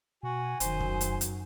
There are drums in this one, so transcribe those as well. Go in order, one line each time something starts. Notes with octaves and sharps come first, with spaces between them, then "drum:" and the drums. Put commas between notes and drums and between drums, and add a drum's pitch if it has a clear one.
B2 F#4 G#5
F1 F#2 D#3 F#3 C5, drum: hi-hat
drum: kick
drum: hi-hat
drum: hi-hat